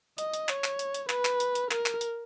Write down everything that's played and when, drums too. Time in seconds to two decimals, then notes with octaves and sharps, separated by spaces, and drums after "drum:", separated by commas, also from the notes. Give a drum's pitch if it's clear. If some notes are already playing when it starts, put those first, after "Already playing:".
0.18 D#5, drum: hi-hat
0.34 drum: hi-hat
0.49 C#5, drum: clap
0.64 drum: clap
0.79 drum: hi-hat
0.94 drum: hi-hat
1.09 B4, drum: clap
1.25 drum: clap
1.40 drum: hi-hat
1.55 drum: hi-hat
1.71 A#4, drum: clap
1.86 drum: clap
2.01 drum: hi-hat